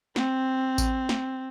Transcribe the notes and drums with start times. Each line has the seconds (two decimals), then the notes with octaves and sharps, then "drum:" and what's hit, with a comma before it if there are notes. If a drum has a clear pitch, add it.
0.16 C4, drum: snare
0.78 drum: kick A1, tambourine
1.09 drum: snare